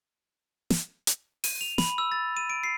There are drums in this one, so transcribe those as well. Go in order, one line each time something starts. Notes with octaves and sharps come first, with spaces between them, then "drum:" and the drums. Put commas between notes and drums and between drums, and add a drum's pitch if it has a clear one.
drum: snare
drum: hi-hat
D#7, drum: open hi-hat
F7
B5, drum: snare
E6
A6
D#7
D7
C7